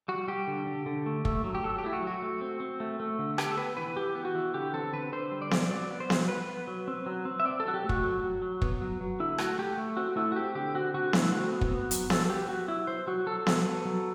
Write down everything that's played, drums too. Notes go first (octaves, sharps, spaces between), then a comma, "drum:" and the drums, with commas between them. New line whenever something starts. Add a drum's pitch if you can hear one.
G3 F#4
G3 G4
D3
D3
D3
A3
A3, drum: kick
F#3
G4
F#3 A4
G4
A3 E4
F#4
F#3
F#4
A3
C4
C4
A3
A3
D3
B3 G4, drum: rim click
A4
B3 B4
E3 B4
E3 G4
B3
F#4
E3
D3 G4
C4 A4
D3 B4
D3 C5
G3
D5
C4, drum: snare B3
F#3 D5
B3
C5
F#3, drum: snare B3
B3 B4
B3
F#3
C4
F#3
C4
E5
C4 D5
A4
F#3 F#4
G4
A3
F#4, drum: kick
F#3
F#3
F#3
B3, drum: kick
F#3
F#3
D3 E4
A3 F#4, drum: rim click
A3 G4
A3
C4 F#4
A3 E4
F#4
C4 G4
D3 G4
C4 F#4
D3 F#4
A3 E4, drum: snare B3
C4 F#4
B3
drum: kick
B3
F#3, drum: hi-hat
F#3 A4, drum: snare B3
A4
B3 G4
B3 F#4
F#3 E4
F#3 C5
F#3 F#4
F#3 A4
F#3, drum: snare B3
B3
F#3